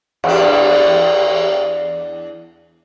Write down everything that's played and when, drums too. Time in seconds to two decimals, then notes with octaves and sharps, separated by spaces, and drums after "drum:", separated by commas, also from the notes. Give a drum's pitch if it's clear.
0.24 E2 D4, drum: cymbal